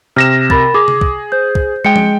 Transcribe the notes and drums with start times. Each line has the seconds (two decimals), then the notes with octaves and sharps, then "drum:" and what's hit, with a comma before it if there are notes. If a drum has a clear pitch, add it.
0.16 C3 F6 A#6 E7
0.50 A#4 B5 A6, drum: kick
0.74 G#4 D6
0.88 drum: tom C3
1.01 drum: kick
1.32 C5 G6
1.55 drum: kick
1.85 G#3 G5 C#7
1.96 drum: tom F3